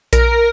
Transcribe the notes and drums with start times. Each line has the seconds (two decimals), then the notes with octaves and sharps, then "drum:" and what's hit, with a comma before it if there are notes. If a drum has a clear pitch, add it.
0.13 A#4, drum: kick A#1, hi-hat